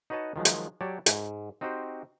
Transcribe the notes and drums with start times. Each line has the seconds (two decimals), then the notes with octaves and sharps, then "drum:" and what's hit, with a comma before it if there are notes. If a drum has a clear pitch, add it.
0.10 D#4 F#4 B4 C#5 D#5 A5
0.36 D#3 F3 F#3 G#3
0.45 drum: hi-hat
0.81 F#3 G4 C#5 D5 A5
1.06 G#2, drum: hi-hat
1.61 C4 D#4 F#4 G4 C5